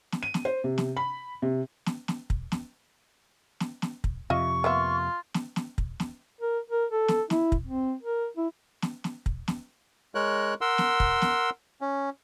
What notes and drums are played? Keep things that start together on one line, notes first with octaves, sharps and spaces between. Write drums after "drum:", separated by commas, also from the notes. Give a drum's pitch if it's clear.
drum: snare
D#7
drum: snare
C5
C3
drum: snare
B5
C3
drum: snare
drum: snare
drum: kick
drum: snare
drum: snare
drum: snare
drum: kick
F2 C3 F4 D#5 E5 C#6
A#3 B3 F4 E5
drum: snare
drum: snare
drum: kick
drum: snare
A#4
A#4
A4
drum: snare
E4, drum: snare
drum: kick
C4
A#4
E4
drum: snare
drum: snare
drum: kick
drum: snare
G#3 A#4 C#5 F#6
A#4 F#5 C6 E6
drum: snare
drum: kick
drum: snare
C#4